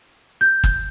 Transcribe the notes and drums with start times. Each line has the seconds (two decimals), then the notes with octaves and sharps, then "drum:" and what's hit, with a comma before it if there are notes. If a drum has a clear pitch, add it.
0.41 G6
0.64 drum: kick